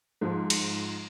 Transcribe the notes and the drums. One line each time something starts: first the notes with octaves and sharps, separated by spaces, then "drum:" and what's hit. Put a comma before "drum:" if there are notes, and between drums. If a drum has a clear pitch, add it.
G#2 F3
drum: cymbal